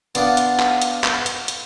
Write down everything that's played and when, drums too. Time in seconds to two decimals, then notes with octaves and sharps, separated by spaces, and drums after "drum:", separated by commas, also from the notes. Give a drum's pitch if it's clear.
0.15 B3 D4 F4 D5 F5 F#5, drum: hi-hat
0.37 drum: hi-hat
0.59 drum: clap
0.82 drum: hi-hat
1.04 drum: clap
1.26 drum: hi-hat
1.48 drum: hi-hat